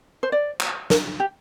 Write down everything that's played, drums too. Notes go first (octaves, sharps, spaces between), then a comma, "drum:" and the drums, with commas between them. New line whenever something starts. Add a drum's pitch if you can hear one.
C5
D5
drum: clap
A#4, drum: snare
G4